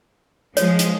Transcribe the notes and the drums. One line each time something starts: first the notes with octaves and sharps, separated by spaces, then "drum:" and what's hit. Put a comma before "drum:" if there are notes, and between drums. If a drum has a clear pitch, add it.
F3 G#3 C#5, drum: hi-hat
drum: hi-hat